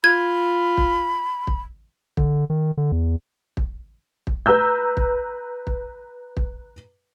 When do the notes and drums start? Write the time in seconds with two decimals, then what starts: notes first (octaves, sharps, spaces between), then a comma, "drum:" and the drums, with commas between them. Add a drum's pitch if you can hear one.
0.04 F4 B5 G#6
0.77 drum: kick
1.47 drum: kick
2.17 D3, drum: kick
2.50 D#3
2.77 D3
2.92 E2
3.57 drum: kick
4.27 drum: kick
4.46 B4 A#5 E6 G6
4.97 drum: kick
5.67 drum: kick
6.37 drum: kick